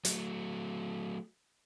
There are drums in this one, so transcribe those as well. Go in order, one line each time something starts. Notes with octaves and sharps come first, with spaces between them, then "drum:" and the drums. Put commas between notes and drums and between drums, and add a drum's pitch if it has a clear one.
F#3 A3, drum: hi-hat